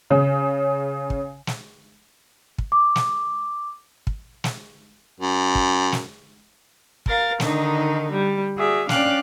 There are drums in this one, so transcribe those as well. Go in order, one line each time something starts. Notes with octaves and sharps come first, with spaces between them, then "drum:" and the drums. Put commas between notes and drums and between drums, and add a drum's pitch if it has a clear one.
C#3
drum: kick
drum: snare
drum: kick
D6
drum: snare
drum: kick
drum: snare
F#2
drum: kick
drum: snare
A#4 F5 A6, drum: kick
D3 D#3 D4 D#4, drum: snare
G3
F#4 G#4 D5 E5
C#4 D4 D5 F5 G5 F#6, drum: snare